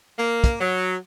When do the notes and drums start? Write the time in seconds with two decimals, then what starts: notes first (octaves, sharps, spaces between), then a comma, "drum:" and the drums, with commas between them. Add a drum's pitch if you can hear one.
0.19 A#3
0.44 drum: kick, hi-hat
0.60 F#3